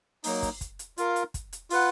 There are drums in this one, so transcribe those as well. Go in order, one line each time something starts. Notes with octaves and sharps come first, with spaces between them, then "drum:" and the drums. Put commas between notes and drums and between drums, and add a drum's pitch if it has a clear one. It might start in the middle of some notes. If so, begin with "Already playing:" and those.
F#3 A#3 D#4, drum: open hi-hat
drum: kick, hi-hat
drum: kick, hi-hat
drum: hi-hat
F4 A#4 F5, drum: hi-hat
drum: hi-hat
drum: kick, hi-hat
drum: hi-hat
F4 B4 F#5, drum: open hi-hat